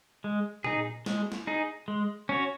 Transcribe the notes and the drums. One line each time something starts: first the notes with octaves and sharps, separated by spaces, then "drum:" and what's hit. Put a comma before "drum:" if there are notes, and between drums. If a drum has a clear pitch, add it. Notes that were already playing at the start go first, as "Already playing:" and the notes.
G#3
D#4 G#4, drum: tom A#2
G#3, drum: snare
drum: snare
D#4 G#4
G#3
C#4 F#4 C#5